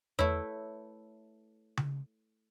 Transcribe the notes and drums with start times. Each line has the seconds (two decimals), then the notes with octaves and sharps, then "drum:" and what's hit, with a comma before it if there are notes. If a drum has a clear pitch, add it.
0.19 A3 E4 B4 C#5, drum: tom E2
1.77 drum: tom C#3